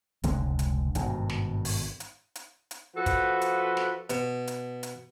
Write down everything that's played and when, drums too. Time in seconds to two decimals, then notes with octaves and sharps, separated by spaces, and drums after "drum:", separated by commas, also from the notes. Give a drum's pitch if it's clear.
0.23 F1 C#2 D3 G#3, drum: hi-hat
0.59 drum: hi-hat
0.95 G#1 G2 B2, drum: hi-hat
1.29 drum: snare
1.65 drum: open hi-hat
2.00 drum: hi-hat
2.35 drum: hi-hat
2.71 drum: hi-hat
2.97 F3 F#4 A4 B4
3.06 drum: kick, hi-hat
3.41 drum: hi-hat
3.77 drum: snare
4.10 B2, drum: hi-hat
4.47 drum: hi-hat
4.83 drum: hi-hat